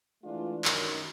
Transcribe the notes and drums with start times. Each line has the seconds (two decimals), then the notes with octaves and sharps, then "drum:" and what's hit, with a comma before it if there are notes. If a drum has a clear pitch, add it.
0.23 E3 G#3 A3 D4 F4
0.65 F#2 D#3, drum: clap